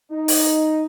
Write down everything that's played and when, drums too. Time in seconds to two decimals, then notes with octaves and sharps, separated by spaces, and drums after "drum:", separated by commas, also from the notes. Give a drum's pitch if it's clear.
0.10 D#4
0.28 drum: open hi-hat